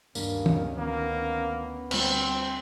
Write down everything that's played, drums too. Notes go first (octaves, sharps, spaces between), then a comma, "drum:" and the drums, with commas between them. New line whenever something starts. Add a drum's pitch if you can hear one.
D2 G2 D#3 A#3 C#4, drum: tambourine
drum: tom
A#3 B3
D2 G3 C4 C5, drum: cymbal